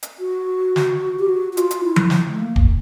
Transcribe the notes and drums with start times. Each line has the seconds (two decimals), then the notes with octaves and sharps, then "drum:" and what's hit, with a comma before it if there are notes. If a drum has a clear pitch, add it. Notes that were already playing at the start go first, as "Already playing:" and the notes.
0.03 drum: hi-hat
0.19 F#4
0.76 drum: snare
1.19 G4
1.29 F#4
1.53 F#4
1.57 F4, drum: hi-hat
1.71 drum: hi-hat
1.84 E4
1.96 drum: tom F3
2.10 drum: snare
2.28 A3
2.40 A#3
2.56 drum: kick